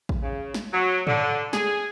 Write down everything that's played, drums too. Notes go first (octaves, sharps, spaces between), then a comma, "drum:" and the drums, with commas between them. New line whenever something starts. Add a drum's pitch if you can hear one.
drum: kick A1
C#3
drum: snare
F#3
D3, drum: tom
G#4, drum: snare